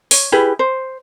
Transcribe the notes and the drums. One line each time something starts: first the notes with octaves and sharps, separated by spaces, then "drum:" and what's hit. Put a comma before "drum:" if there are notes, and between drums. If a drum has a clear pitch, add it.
C#5, drum: open hi-hat
E4 G4 G#4 B4
C5